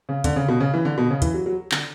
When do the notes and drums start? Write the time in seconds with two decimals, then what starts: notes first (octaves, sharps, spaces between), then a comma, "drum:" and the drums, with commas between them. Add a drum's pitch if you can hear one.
0.09 C#3
0.24 D3, drum: kick, hi-hat
0.36 C#3
0.48 B2
0.60 C#3
0.74 E3
0.85 D3
0.98 B2
1.10 C#3
1.22 E3, drum: kick, hi-hat
1.34 F#3
1.46 F#3
1.72 D3, drum: clap